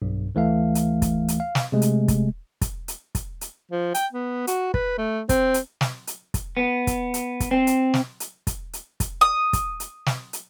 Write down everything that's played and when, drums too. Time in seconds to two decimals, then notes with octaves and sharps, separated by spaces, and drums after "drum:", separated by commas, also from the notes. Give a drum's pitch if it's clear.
0.02 B1 G2
0.35 D2 E3 A3 F5
0.75 drum: hi-hat
1.02 drum: kick, hi-hat
1.28 drum: hi-hat
1.40 F5
1.55 drum: snare
1.72 C3 G#3 A3
1.82 drum: hi-hat
2.08 drum: kick, hi-hat
2.61 drum: kick, hi-hat
2.88 drum: hi-hat
3.15 drum: kick, hi-hat
3.41 drum: hi-hat
3.71 F3
3.94 G5, drum: hi-hat
4.13 B3
4.47 F#4, drum: hi-hat
4.74 B4, drum: kick
4.98 A3
5.29 C4, drum: kick, hi-hat
5.54 drum: hi-hat
5.81 drum: snare
6.07 drum: hi-hat
6.34 drum: kick, hi-hat
6.57 B3
6.87 drum: kick, hi-hat
7.14 drum: hi-hat
7.40 drum: kick, hi-hat
7.51 C4
7.67 drum: hi-hat
7.94 drum: snare
8.20 drum: hi-hat
8.47 drum: kick, hi-hat
8.73 drum: hi-hat
9.00 drum: kick, hi-hat
9.21 D#6
9.53 drum: kick, hi-hat
9.80 drum: hi-hat
10.06 drum: snare
10.33 drum: hi-hat